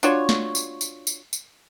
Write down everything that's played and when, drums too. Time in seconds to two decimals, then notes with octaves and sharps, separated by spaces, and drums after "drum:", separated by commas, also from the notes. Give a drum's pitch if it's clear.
0.03 D4 F4 F#4 C#5, drum: tambourine
0.29 drum: snare
0.55 drum: tambourine
0.81 drum: tambourine
1.07 drum: tambourine
1.33 drum: tambourine